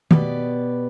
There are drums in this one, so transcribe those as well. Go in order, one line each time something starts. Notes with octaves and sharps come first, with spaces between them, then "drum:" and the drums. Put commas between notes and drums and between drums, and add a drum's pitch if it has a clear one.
B2 B3 G4 B4 D5, drum: tom D#3